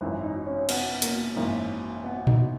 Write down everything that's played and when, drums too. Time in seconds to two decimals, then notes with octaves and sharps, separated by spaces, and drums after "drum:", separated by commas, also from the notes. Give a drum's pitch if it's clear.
0.01 G#1 F#2 E3 B4
0.23 D#4
0.46 C#4
0.69 B3, drum: cymbal
1.02 A#3, drum: hi-hat
1.36 G#1 F#2 E3 A#3
2.04 B3
2.27 D#4, drum: tom A#2